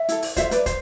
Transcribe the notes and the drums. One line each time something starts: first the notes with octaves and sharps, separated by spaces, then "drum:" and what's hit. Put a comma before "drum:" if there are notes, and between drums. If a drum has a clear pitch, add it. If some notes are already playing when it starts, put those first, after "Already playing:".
Already playing: E5
E4 A4, drum: hi-hat
drum: open hi-hat
F4 A4 C5 E5, drum: kick, hi-hat
B4 D5, drum: hi-hat
C5, drum: kick, hi-hat